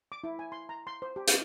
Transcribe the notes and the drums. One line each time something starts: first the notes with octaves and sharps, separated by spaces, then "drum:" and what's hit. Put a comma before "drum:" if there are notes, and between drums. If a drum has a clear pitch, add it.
D6
E4
G#5
C6
A#5
C6
C5
G4
F5, drum: hi-hat